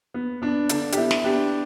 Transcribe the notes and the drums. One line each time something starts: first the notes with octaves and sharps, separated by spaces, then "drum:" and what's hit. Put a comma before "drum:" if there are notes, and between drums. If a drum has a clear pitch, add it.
B3
B3 D4
D3 D4, drum: hi-hat
G4, drum: hi-hat
B3 E4
drum: snare
B3 D4 G4